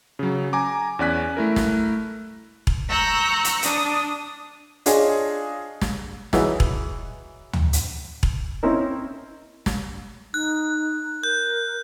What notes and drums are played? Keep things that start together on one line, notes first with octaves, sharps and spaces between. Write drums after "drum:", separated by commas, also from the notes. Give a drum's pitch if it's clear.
C#3 F#3
G#5 A#5 D6
E2 C#4 D5 G#5 F#6 B6
A3 E4 A#4
drum: snare
drum: kick E1
A#5 C#6 E6 F#6 G6
drum: hi-hat
D4 D#6, drum: hi-hat
D4 F4 G#4 C#5 D#5 G#5, drum: hi-hat
drum: snare
E3 F#3 D#4 F#4 G#4 B4, drum: snare
drum: kick E1
drum: tom
drum: hi-hat
drum: kick E1
C4 C#4 D#4 E4 A#4
drum: snare
D#4 F#6
A#4 G6